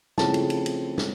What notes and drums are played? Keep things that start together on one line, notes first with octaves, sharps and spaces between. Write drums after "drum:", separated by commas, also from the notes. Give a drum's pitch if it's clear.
C#3 F3 A3 C4 E4 A5, drum: snare
drum: cymbal
drum: cymbal
drum: cymbal
drum: snare